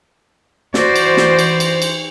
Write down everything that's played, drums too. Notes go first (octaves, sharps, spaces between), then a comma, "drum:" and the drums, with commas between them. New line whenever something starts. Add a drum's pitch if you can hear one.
E3 F#4 C5 D5, drum: snare
drum: cymbal
drum: snare
drum: cymbal
drum: cymbal
drum: cymbal